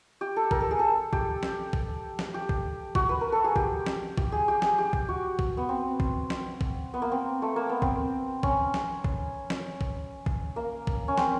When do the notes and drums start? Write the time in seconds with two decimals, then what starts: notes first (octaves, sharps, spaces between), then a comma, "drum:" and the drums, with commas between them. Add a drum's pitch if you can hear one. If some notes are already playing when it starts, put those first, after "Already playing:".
0.21 G4
0.36 A4
0.51 A#4, drum: kick
0.60 A4
0.71 G#4
0.79 A4
1.13 G4, drum: kick
1.43 drum: snare
1.73 drum: kick
2.19 drum: snare
2.34 G4
2.49 drum: kick
2.95 F#4, drum: kick
3.09 B4
3.21 A#4
3.32 A4
3.44 G#4
3.56 G4, drum: kick
3.86 drum: snare
4.18 G4, drum: kick
4.32 G#4
4.48 G4
4.62 G#4, drum: snare
4.78 G4
4.93 drum: kick
5.09 F#4
5.39 drum: kick
5.57 B3
5.69 C4
6.00 drum: kick
6.30 drum: snare
6.61 drum: kick
6.94 B3
7.02 A#3
7.12 C4
7.42 A3
7.56 A#3
7.69 B3
7.82 C4, drum: kick
8.43 C#4, drum: kick
8.74 drum: snare
9.04 drum: kick
9.50 drum: snare
9.81 drum: kick
10.26 drum: kick
10.56 A#3
10.87 drum: kick
11.08 C#4
11.18 C4, drum: snare